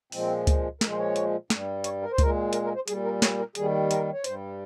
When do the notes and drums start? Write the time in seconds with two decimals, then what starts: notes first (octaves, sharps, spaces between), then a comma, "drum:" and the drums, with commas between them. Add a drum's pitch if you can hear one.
0.12 A#2 F3 G#3 C4, drum: open hi-hat
0.47 drum: kick C#2, hi-hat
0.81 A#2 F3 G#3 A#4, drum: snare
0.90 C5
0.98 C#5
1.16 drum: hi-hat
1.50 G2 G3, drum: snare
1.84 C#5, drum: hi-hat
2.02 A#4
2.12 C5
2.18 A#2 G#3 A#4, drum: kick C#2, hi-hat
2.53 A#4, drum: hi-hat
2.64 A#4
2.75 C5
2.88 A#2 G3 G#4, drum: hi-hat
3.04 A#4
3.22 C#5, drum: snare
3.39 A#4
3.55 D#2 D#3 G3 G#4, drum: hi-hat
3.91 A#4, drum: hi-hat
4.13 C#5
4.24 G2 G3 C5, drum: hi-hat